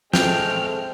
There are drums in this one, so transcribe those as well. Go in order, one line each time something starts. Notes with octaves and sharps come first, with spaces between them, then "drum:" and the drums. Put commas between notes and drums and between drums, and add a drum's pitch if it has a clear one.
G#3 A3 C4 G5 F6, drum: snare